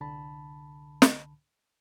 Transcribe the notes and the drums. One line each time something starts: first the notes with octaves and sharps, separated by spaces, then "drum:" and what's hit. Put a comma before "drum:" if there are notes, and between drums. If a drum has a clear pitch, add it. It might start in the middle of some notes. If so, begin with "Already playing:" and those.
C2 D3 A5 B5
drum: snare